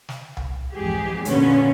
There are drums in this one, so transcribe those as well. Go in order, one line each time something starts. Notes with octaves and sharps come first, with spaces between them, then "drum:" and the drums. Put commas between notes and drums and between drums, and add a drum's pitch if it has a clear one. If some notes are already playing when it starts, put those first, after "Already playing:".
drum: snare
drum: tom C2
F2 G#2 E3 G4 G#4
A#2 D3 B3 C#4, drum: hi-hat